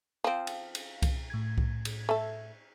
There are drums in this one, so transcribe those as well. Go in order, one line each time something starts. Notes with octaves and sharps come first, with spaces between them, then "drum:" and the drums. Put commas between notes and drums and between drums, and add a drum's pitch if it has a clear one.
F3 C4 F5
drum: cymbal
drum: cymbal
drum: kick C2, cymbal
A2 G#6
drum: kick C2
drum: cymbal
A3 A4